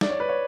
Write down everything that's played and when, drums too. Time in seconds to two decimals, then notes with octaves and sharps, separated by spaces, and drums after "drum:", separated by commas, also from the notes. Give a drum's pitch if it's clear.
0.01 D5, drum: snare
0.10 C#5
0.20 B4
0.29 C#5